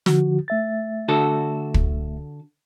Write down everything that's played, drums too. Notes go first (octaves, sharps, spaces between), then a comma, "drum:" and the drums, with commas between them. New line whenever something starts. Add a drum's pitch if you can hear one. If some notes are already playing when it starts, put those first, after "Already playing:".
D3 F3 F#4, drum: snare
A3 E5 A6
D3 F#4 A4
drum: kick